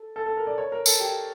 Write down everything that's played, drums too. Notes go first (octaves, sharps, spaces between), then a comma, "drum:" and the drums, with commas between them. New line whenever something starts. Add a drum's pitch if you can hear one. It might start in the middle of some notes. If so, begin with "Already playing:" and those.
Already playing: A4
A4
A4
A#4
D5
C#5
A#4
A4, drum: tambourine
G4